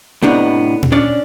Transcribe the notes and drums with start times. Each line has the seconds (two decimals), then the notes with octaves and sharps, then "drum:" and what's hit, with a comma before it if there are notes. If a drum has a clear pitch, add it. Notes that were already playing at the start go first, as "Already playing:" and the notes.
0.22 A2 C3 B3 D4 D#4
0.83 drum: tom A#2
0.92 C#4 D4 D5